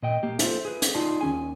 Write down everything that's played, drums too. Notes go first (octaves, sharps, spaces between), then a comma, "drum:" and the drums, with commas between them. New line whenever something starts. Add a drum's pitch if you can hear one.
A#2 D#5 G5
A#3 G4
F4 A4 C5 E5, drum: hi-hat
G#4 B4
drum: hi-hat
D#4 F4 G#4 D5 A5 C6
D#2 C#4 G#5